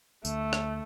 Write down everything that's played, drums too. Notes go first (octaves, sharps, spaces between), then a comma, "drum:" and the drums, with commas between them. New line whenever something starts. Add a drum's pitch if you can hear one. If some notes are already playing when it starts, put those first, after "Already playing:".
D2 A3, drum: tambourine
drum: rim click